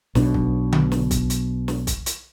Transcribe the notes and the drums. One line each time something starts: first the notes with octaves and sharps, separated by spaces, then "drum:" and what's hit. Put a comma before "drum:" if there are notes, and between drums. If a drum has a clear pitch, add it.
B1 B2 D4, drum: snare
drum: kick
drum: tom D3
drum: snare
drum: kick, hi-hat
drum: hi-hat
drum: snare
drum: kick, hi-hat
drum: hi-hat